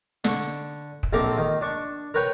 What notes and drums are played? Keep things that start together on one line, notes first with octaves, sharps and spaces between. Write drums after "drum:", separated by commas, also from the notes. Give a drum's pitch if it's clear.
D3 C#6, drum: snare
drum: kick
A#1 C4 A4 A#4 D6
D#3
D4 C#6
A#4 B4 C#5 G5 B5